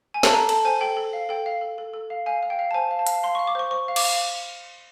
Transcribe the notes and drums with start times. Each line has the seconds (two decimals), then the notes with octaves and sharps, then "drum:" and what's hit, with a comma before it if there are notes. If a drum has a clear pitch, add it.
0.14 G#5
0.23 A5, drum: snare
0.32 A4 A#5
0.49 A4 A5, drum: cymbal
0.65 C5 G#5
0.81 A4 G5
0.97 A4
1.13 F5
1.29 A4 G5
1.46 F5
1.61 A4
1.78 A4
1.94 A4
2.10 F5
2.26 F5 G#5
2.43 F5
2.50 G5
2.59 F5
2.71 A5
2.74 C5 G#5
2.91 F5
2.99 A5
3.07 F5, drum: hi-hat
3.23 F5 C6
3.35 C#6
3.39 F5
3.47 D6
3.55 C5 C#6
3.71 C5 C#6
3.88 F5
3.96 D6, drum: cymbal
4.04 F5